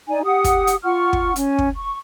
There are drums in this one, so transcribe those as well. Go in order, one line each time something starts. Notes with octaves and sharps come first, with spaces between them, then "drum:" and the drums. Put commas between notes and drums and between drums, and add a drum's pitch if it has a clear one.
D#4 D5 G#5
G4 F#5 D#6
drum: kick, hi-hat
drum: hi-hat
F4 F#5 C#6 F6
drum: kick
C#4, drum: hi-hat
drum: kick
C#6